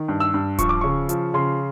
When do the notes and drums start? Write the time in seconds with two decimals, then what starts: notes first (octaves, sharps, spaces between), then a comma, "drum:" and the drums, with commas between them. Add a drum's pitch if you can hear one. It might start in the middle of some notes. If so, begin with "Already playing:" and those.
Already playing: D#3
0.08 G2
0.20 E6
0.34 G2
0.58 F3 C#6, drum: kick D1, hi-hat
0.69 D6
0.81 C#3 C#6
1.09 F3, drum: hi-hat
1.34 C#3 C6